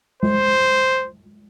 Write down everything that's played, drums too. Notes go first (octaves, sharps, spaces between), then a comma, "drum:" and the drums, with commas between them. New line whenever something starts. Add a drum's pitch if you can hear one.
C5, drum: tom G#3